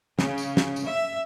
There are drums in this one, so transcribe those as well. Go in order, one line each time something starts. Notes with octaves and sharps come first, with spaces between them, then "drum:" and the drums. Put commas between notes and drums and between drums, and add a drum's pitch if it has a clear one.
C#3, drum: snare
drum: tambourine
drum: snare
drum: tambourine
E5